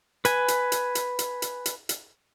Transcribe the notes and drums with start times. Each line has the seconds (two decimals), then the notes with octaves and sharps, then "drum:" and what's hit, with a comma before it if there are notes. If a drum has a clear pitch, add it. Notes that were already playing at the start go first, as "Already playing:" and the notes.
0.25 B4 G#5, drum: hi-hat
0.48 drum: hi-hat
0.72 drum: hi-hat
0.95 drum: hi-hat
1.19 drum: hi-hat
1.42 drum: hi-hat
1.66 drum: hi-hat
1.89 drum: hi-hat